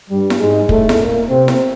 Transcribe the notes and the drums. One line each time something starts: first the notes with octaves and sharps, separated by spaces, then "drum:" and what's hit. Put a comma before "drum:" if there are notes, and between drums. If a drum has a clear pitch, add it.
G2 G3
drum: snare E4
G#2 G#3
A2 A3, drum: kick
drum: snare E4
A#2 A#3
C3 C4
drum: snare E4